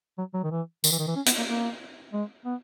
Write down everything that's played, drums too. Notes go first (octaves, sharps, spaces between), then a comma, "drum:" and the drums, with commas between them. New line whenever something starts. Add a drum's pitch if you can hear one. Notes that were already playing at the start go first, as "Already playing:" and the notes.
F#3
F#3
D#3
E3
D#3, drum: tambourine
E3
D#3
E3
C#4
B3, drum: hi-hat
A#3
A#3
G#3
B3